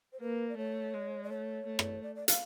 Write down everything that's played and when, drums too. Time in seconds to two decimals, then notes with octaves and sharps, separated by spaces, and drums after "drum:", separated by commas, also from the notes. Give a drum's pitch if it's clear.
0.13 C5
0.21 A#3 B4
0.49 D5
0.57 A3 C#5
0.94 G#3
1.24 D5
1.30 A3 C#5
1.66 A3
1.79 drum: rim click
2.03 D5
2.16 D5
2.28 F5, drum: hi-hat